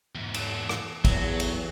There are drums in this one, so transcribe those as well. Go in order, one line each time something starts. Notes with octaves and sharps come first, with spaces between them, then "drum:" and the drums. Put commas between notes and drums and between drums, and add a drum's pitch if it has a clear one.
E2 G#2
drum: cymbal
drum: rim click
E2 F#3, drum: kick, cymbal
drum: cymbal